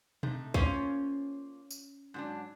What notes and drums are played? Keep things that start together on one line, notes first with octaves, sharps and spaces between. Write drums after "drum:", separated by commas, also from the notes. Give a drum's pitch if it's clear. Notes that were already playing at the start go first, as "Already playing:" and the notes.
C3 A3 D#4, drum: tom B2
A#3 C#4 F4 C5, drum: kick
drum: tambourine
G#2 F#3 D4